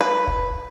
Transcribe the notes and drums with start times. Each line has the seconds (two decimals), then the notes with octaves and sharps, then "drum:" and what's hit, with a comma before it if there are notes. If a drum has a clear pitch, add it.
0.01 B4
0.27 drum: kick